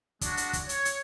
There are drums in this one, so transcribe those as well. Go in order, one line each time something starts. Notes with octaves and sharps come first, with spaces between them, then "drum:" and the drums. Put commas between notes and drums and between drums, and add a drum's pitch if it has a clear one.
G#3 D4 F#4, drum: kick, hi-hat
drum: hi-hat
drum: kick, hi-hat
C#5, drum: hi-hat
drum: hi-hat